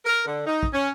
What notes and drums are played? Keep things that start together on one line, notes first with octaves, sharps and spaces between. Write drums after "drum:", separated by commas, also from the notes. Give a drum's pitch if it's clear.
A#4
D3
D#4
drum: kick
C#4